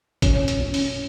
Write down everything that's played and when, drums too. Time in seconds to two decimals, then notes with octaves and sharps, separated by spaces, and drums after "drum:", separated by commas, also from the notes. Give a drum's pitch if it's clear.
0.22 C#4, drum: kick, hi-hat
0.48 drum: hi-hat
0.60 C#4
0.74 drum: open hi-hat